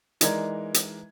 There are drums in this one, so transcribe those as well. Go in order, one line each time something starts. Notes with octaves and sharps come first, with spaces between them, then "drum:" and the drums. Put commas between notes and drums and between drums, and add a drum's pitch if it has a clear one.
E3 G#3 D#4 A#4 D5 G#6, drum: hi-hat
drum: hi-hat